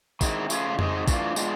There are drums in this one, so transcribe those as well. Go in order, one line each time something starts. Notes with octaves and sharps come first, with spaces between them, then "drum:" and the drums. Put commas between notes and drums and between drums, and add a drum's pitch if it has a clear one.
D#3 G#3 C4 E4, drum: kick, tambourine
C#3 F3 A3 C#4 F4, drum: tambourine
G#3 C4 D#4, drum: tom F2
E3 A3 D4 F4, drum: kick, tambourine
G#3 B3 D4 F4, drum: tambourine